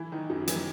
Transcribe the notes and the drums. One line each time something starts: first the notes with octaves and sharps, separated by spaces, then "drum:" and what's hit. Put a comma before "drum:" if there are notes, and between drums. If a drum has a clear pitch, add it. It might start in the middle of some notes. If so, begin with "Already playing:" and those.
Already playing: E3 E4
D#3 D#4
F#2 F#3
E3, drum: hi-hat